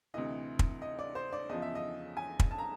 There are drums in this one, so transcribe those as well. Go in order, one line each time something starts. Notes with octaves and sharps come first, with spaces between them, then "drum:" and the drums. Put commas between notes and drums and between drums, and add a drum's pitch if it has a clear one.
D2 C3 E3 D#5
drum: kick
D#5
D5
C5
D5
E2 C#3 F3 D#5
E5
D#5
G#5
drum: kick
A5
A#5